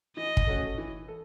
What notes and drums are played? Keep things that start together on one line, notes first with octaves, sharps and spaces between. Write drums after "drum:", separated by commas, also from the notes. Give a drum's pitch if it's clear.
E3 D#5
drum: kick
A3 C#4 F#4 A4
E3
A4